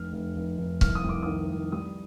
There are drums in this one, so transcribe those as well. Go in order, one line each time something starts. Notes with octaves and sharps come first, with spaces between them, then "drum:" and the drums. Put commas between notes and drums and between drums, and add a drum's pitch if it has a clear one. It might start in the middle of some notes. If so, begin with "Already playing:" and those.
Already playing: F1 F6
F1
F1
F1
C2 F6, drum: kick C#1
D#6
C2 D6
D#3 D#6
C2
G3 D#6